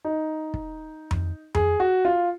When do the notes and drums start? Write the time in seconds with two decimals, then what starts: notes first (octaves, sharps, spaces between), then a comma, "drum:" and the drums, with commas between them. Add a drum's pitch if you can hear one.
0.05 D#4
0.54 drum: kick
1.11 drum: tom F2
1.55 G#4, drum: tom F2
1.80 F#4
2.05 F4